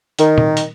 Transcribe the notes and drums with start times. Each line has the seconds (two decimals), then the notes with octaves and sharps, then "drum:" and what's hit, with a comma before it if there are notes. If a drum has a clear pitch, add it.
0.19 D#3, drum: hi-hat
0.38 drum: tom
0.57 drum: hi-hat